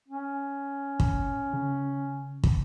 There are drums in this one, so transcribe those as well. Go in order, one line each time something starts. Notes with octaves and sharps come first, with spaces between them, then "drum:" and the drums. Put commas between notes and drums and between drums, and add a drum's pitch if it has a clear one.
C#4
drum: kick
C#3
drum: kick